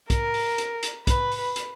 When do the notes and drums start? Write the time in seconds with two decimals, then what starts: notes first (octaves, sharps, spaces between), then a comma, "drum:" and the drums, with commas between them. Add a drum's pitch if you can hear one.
0.10 A#4, drum: kick, hi-hat
0.34 drum: open hi-hat
0.58 drum: hi-hat
0.83 drum: hi-hat
1.07 B4, drum: kick, hi-hat
1.32 drum: open hi-hat
1.56 drum: hi-hat